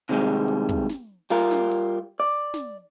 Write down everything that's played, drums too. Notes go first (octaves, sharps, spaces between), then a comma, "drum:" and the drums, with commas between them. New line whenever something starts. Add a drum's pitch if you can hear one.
C3 D#3 G3 G#3, drum: hi-hat
drum: hi-hat
drum: kick
drum: snare
G3 F4 A#4, drum: open hi-hat
drum: snare
drum: open hi-hat
D5
drum: snare